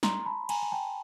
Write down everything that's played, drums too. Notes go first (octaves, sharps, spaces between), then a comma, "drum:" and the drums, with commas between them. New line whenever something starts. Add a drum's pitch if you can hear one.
A#5 C6, drum: snare
A5 B5
G#5 A#5, drum: cymbal
G#5
G5 A5